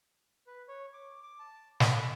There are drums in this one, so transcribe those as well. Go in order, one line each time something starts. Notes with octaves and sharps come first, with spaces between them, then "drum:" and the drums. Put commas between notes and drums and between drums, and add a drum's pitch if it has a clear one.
B4
C#5
D6
D6
A5
B5, drum: snare